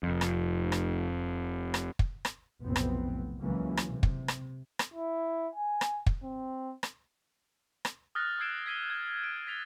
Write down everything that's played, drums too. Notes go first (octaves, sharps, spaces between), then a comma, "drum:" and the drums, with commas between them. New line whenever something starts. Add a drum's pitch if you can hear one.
F1 F2
drum: rim click
drum: rim click
drum: rim click
drum: kick
drum: rim click
F1 B1 A2 B3 C4
drum: rim click
C#2 C#3 E3 F#3 A#3 C#4
drum: rim click
C3
drum: kick
drum: rim click
drum: rim click
E4
G#5
drum: rim click
drum: kick
C4
drum: rim click
drum: rim click
D#6 F6 F#6 A6 A#6 G7
D#6 E6 G#6 C7 D7 E7
G#6 B6 D#7 G7
G#6
D7
A6 B6 F7 G7